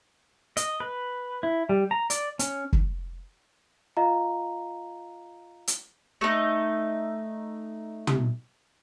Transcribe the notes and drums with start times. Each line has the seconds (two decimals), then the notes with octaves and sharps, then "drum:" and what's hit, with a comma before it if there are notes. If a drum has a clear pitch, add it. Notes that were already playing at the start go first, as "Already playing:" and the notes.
0.57 D#5, drum: hi-hat
0.80 B4
1.43 E4
1.69 G3
1.91 A#5
2.10 D5, drum: hi-hat
2.39 C#4, drum: hi-hat
2.73 drum: kick
3.97 F4 D#5 F5 A#5
5.68 drum: hi-hat
6.21 A3 D#4
8.07 drum: tom